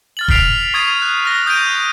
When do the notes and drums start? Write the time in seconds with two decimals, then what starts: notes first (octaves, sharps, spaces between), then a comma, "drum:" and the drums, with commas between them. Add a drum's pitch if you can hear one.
0.17 F6 A6 F#7
0.28 F6 A6 B6 C7 D7 F7, drum: kick F1
0.74 C#6 D#6 G#6 A6 C7 D#7
1.02 F#6
1.25 F6 A#6
1.46 D#6 G6 A6 A#6 D7 D#7